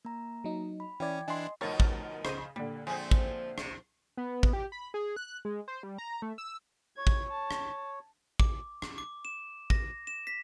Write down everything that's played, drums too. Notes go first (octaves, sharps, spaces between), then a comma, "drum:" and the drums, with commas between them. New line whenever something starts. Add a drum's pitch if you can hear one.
A#3 A#5
F#3 D#4
B5
E3 C#4 E4 D5 G5 G#6
E3 D4 E4 D#5 G#5 C6
D2 B2 F3 D#4 A#4 C#5 A6
drum: kick
C#3 C5 D#5, drum: rim click
A#2 D3 G3
F3 G#3 A3 C4 G#4
drum: kick
C3, drum: rim click
B3
drum: kick
G4
B5
G#4
F#6
G#3
C5
G3
A#5
A3
E6
C#5 G#6
drum: kick
A5
drum: rim click
D6, drum: kick
drum: rim click
D6
E7
A#6, drum: kick
E7
B6